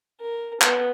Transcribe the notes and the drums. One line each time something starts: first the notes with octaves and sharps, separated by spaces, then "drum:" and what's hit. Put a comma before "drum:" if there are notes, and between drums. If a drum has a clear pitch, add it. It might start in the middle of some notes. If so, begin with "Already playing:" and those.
A#4
B3, drum: clap